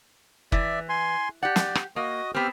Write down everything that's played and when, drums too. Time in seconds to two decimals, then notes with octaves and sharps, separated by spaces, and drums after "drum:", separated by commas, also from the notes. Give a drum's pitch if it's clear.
0.52 E3 D5 E5, drum: kick F#1
0.89 G#5 C6
1.43 G4 D5 F#5
1.56 drum: snare
1.75 drum: rim click
1.96 A#3 F#4 D#5 D#6
2.35 B3 C4 G4 F6